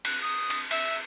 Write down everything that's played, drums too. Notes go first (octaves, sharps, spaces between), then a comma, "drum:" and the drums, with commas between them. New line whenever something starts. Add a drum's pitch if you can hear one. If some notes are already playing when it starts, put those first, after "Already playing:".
F#6, drum: cymbal
D#6
drum: cymbal
E5, drum: cymbal